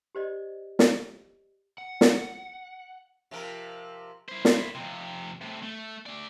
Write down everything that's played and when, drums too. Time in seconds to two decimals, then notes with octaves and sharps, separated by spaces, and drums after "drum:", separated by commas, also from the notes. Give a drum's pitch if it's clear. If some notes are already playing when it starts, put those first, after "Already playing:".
0.15 G4 C5 D5 D#5
0.79 drum: snare
1.78 F#5
2.01 drum: snare
3.31 C3 F3 A#4
4.29 E4 C5
4.45 drum: snare
4.75 F2 C3
5.41 A2 C3
5.63 A3
6.06 A3 D5